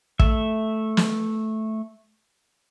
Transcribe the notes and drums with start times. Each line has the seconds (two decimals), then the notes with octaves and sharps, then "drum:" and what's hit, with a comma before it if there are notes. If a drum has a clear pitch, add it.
0.19 A3 E5, drum: kick
0.97 drum: snare